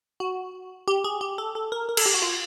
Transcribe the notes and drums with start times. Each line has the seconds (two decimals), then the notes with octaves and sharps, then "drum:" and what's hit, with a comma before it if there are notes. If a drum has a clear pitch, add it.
0.20 F#4
0.88 G4
1.04 G#4
1.21 G4
1.38 A4
1.55 A4
1.72 A#4
1.89 A#4
1.97 A4, drum: cymbal
2.06 G4
2.14 F#4
2.22 F4